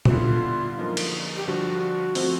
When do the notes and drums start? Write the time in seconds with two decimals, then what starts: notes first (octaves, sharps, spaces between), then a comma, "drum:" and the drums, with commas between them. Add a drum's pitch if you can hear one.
0.05 F#4, drum: tom A#2
0.10 D3 G3 B3 E4 F4
0.78 F#2 D3 F3 A#3 D#4
0.97 drum: cymbal
1.36 G4
1.47 G2 D3 F3 F#4
2.15 F3 A3 C4, drum: open hi-hat